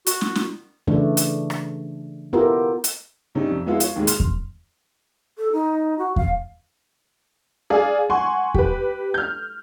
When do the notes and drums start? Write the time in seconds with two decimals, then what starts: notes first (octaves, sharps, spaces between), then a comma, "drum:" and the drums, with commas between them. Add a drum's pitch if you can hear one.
0.06 F#4, drum: hi-hat
0.21 drum: snare
0.35 drum: snare
0.87 C#3 E3 A3 D4
1.17 drum: hi-hat
1.50 drum: rim click
2.33 B3 E4 F4 G4 A4 A#4
2.84 drum: hi-hat
3.35 G2 C3 C#4 D#4
3.49 F2
3.66 F3 G#3 B3 E4 F4
3.80 F4 C#5, drum: hi-hat
3.96 D#2 G#2 G#3
4.07 C6 F6, drum: hi-hat
4.20 drum: kick E2
5.37 A4
5.52 D#4
5.98 F#4
6.16 F5, drum: kick E2
7.70 G#4 D5 F5 G#5
8.10 F#5 G#5 C6 C#6
8.54 G4 B4, drum: kick E2
9.14 F6 G6